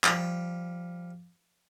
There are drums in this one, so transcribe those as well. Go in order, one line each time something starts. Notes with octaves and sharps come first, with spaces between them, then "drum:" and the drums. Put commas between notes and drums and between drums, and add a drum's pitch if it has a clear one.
F3 G3 G5, drum: clap